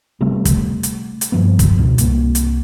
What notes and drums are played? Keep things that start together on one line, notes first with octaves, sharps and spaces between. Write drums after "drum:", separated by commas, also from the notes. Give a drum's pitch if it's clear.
C3 G3 A3 B3
drum: kick, hi-hat
drum: hi-hat
drum: hi-hat
G2 F3 A#3 B3
drum: kick, hi-hat
C#2 G#2 B2
C2 A#3, drum: hi-hat
drum: hi-hat